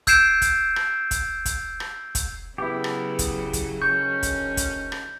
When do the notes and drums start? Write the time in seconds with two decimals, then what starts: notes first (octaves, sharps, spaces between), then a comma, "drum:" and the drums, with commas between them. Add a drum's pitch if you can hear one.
0.07 E6 G6 G#6 C7 D7 E7, drum: kick, hi-hat
0.42 drum: kick, hi-hat
0.76 drum: rim click
1.11 drum: kick, hi-hat
1.46 drum: kick, hi-hat
1.80 drum: rim click
2.15 drum: kick, hi-hat
2.58 C#3 F#3 B3 E4 G4
2.84 drum: rim click
3.19 drum: kick, hi-hat
3.53 drum: kick, hi-hat
3.82 D2 D#3 C#4 C#6 G6
4.23 drum: kick, hi-hat
4.57 drum: kick, hi-hat
4.92 drum: rim click